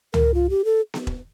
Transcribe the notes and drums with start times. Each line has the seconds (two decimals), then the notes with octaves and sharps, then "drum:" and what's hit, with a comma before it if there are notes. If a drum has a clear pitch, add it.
0.14 A#4, drum: tom C#2
0.34 F4
0.50 G4
0.65 A4
0.94 drum: snare B3
1.07 drum: kick E1